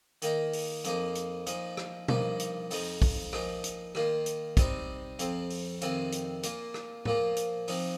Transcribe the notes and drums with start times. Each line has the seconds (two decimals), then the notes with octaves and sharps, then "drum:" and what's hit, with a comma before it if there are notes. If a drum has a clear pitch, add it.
0.22 D#3 A#3 D#4, drum: hi-hat
0.53 drum: open hi-hat
0.84 F2 F3 A#3 D#4, drum: hi-hat
1.15 drum: hi-hat
1.46 A#2 F3 D#4, drum: hi-hat
1.77 drum: rim click
2.08 G2 F3 A#3 D#4, drum: tom B2
2.39 drum: hi-hat
2.71 F2 F3 D#4, drum: open hi-hat
3.02 drum: kick, open hi-hat
3.33 A#2 F3 D#4, drum: rim click
3.64 drum: hi-hat
3.95 D#3 A#3 F4, drum: rim click
4.26 drum: hi-hat
4.57 C3 G3 C4 D#4, drum: kick, hi-hat
5.19 F2 F3 C4, drum: hi-hat
5.50 drum: open hi-hat
5.81 F2 C3 D#3 C4 F4, drum: hi-hat
6.12 drum: hi-hat
6.43 A#2 A#3 F4, drum: hi-hat
6.74 drum: rim click
7.05 A#2 F3 A#3 F4, drum: tom A2
7.36 drum: hi-hat
7.68 C3 F3 D#4, drum: open hi-hat